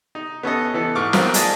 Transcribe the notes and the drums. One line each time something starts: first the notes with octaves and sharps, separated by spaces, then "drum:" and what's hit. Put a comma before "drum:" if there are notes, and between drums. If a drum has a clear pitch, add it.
D#4
B3 C#4 A4 D#5
E3 B3 A4
G#2 C#6 D6 F6
B3 C4 D#4 F4 A#4, drum: snare
G#4 D5 D#5 G#5 A5, drum: hi-hat